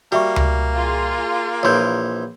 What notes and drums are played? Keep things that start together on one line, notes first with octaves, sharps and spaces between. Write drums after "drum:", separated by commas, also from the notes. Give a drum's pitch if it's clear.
G3 A#3 F#4 E5 C#6
drum: tom C#2
F4 G#4
A#1 E3 C#5 C6 G6